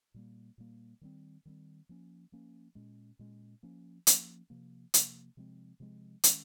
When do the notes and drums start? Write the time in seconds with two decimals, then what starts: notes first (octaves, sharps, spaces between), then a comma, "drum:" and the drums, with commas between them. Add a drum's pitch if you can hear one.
0.14 A#2 G3 A#3
0.58 A#2 G3 A#3
1.01 D#3 G3 C4
1.45 D#3 G3 C4
1.89 F3 A#3 C#4
2.32 F3 A#3 C#4
2.75 A#2 G#3 C#4
3.19 A#2 G#3 C#4
3.63 F3 A#3 C#4
4.07 F3 A#3 C#4, drum: hi-hat
4.50 C3 F3 A#3
4.94 C3 F3 A#3, drum: hi-hat
5.37 C3 F3 G#3 C4
5.80 C3 F3 G#3 C4
6.23 D#3 G#3 C#4, drum: hi-hat